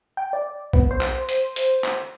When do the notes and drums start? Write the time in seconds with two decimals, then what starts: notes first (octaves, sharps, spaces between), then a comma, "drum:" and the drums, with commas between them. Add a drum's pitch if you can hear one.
0.17 G5
0.33 D5
0.73 B3, drum: kick A#1
0.91 C5
1.01 drum: clap
1.29 drum: hi-hat
1.56 drum: hi-hat
1.84 drum: clap